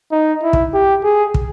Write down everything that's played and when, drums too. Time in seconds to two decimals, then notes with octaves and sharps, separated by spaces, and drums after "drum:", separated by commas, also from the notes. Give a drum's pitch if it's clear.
0.12 D#4
0.43 E4
0.53 drum: kick
0.74 G4
1.04 G#4
1.34 drum: kick